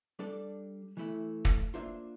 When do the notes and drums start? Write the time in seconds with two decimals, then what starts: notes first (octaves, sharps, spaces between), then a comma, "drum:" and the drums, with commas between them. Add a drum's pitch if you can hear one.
0.19 G3 D4 A4 D5
0.97 E3 A3 E4
1.45 drum: kick
1.74 A#3 D4 F4 C5 E5